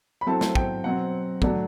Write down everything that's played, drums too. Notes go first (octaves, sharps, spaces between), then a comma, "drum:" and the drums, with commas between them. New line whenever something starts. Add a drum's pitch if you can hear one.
B5
F#3 C4 E4 A4 A5
drum: snare
G5, drum: kick
B2 F#3 C4 F#5
D3 F#3 A3 D4, drum: kick